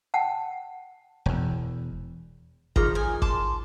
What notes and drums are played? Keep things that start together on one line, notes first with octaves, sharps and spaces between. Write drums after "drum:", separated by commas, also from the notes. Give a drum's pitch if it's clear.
F#5 G5 A5
E1 E2
D#3 F3 F4 G#4 A#5, drum: kick G#1
G#5
A5 C6 D6, drum: kick G#1